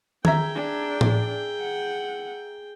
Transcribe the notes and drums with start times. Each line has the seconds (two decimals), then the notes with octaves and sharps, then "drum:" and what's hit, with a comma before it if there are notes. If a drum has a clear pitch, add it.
0.25 G#4 E5 G5 A#5 G#6, drum: tom D#3
0.55 D4
1.01 drum: tom A2
1.61 F#5